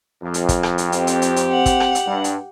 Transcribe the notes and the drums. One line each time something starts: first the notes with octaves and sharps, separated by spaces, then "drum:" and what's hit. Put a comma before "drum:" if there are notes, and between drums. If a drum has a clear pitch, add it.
F2
drum: hi-hat
drum: kick, hi-hat
drum: rim click
drum: hi-hat
C4 G4, drum: hi-hat
drum: hi-hat
drum: hi-hat
drum: hi-hat
F#5
drum: kick, hi-hat
drum: rim click
drum: hi-hat
G2
drum: hi-hat